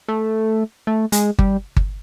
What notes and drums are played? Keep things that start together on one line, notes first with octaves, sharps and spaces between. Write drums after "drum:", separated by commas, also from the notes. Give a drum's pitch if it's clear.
A3
A3
G#3, drum: hi-hat
G3, drum: kick G1
drum: kick G1